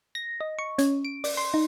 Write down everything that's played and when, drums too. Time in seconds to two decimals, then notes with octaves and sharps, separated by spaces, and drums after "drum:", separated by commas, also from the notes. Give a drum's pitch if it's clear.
0.15 A#6
0.41 D#5
0.59 C#6
0.78 C#4, drum: hi-hat
1.05 D7
1.24 D5, drum: open hi-hat
1.37 C6
1.54 D#4